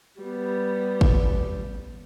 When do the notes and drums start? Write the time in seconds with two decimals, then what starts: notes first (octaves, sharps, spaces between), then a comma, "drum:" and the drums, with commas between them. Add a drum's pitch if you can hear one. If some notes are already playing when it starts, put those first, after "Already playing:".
0.21 G3 B3
1.01 drum: kick